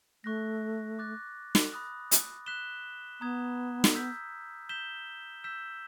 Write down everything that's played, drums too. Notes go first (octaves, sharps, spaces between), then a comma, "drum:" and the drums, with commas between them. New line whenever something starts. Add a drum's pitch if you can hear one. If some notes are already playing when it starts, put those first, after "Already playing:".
A3 C#6 F#6 A#6
D6 F#6 A6
drum: snare
B5 D#6 F#6
drum: hi-hat
F#6 B6 E7 G7
B3 A#5 D#6 G#6
drum: snare
E6 G6 B6
G6 B6 E7 G7
E6 G6 B6 E7